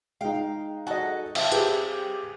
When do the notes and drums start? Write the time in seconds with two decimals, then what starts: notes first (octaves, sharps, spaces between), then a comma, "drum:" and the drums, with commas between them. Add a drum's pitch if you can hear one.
0.21 G#3 D#4 F5 G5
0.87 F#4 G#4 A4 D#5
1.35 G3 C4 E5 F5 A5, drum: cymbal
1.52 G4 G#4 B4, drum: hi-hat